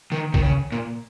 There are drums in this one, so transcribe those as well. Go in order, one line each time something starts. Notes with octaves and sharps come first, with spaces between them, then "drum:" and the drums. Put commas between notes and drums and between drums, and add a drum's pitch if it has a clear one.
D#3
D#3, drum: kick
C#3
A#2